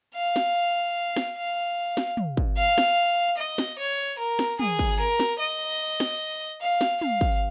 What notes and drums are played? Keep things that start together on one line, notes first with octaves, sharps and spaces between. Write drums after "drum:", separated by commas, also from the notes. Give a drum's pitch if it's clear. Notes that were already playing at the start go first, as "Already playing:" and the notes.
F5
drum: snare
drum: snare
F5
drum: snare
drum: tom
drum: kick
F5
drum: snare
D#5
drum: snare
C#5
A#4
drum: snare
G#4, drum: tom
drum: kick
A#4
drum: snare
D#5
drum: snare
F5
drum: snare
F5, drum: tom
drum: kick